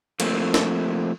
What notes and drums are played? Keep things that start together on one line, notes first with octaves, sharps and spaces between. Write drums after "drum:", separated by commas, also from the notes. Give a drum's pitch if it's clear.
F3 A3 A#3 C4, drum: cymbal
drum: snare